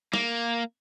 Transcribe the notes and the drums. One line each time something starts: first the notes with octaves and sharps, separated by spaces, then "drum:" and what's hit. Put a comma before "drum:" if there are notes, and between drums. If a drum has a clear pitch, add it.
A#3, drum: snare